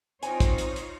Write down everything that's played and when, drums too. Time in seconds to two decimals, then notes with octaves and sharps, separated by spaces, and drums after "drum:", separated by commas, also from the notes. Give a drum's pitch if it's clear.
0.23 C4 D#4 F4 C#5 G5 G#5, drum: hi-hat
0.40 drum: kick, hi-hat
0.58 drum: hi-hat
0.76 drum: hi-hat